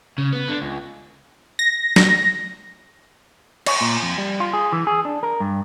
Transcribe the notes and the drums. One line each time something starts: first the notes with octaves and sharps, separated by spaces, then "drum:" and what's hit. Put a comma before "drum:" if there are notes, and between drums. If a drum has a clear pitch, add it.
C#3
B3
D3
C#2
A#6
drum: snare
C#5, drum: cymbal
A#2
F2
G3
F4
G#4
E3
G#4
D4
A#4
G2